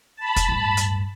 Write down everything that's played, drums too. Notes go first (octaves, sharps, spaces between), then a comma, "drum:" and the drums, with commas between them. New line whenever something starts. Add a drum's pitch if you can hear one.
A5 B5
drum: kick, hi-hat
D1 G2
drum: hi-hat